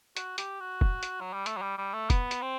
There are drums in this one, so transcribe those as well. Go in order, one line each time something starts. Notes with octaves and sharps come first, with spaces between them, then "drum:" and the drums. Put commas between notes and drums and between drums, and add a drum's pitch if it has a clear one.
F#4, drum: hi-hat
G4, drum: hi-hat
F#4
drum: kick
drum: hi-hat
F#3
G3
A3, drum: hi-hat
F#3
G3
G3
A3
B3, drum: kick, hi-hat
drum: hi-hat
C4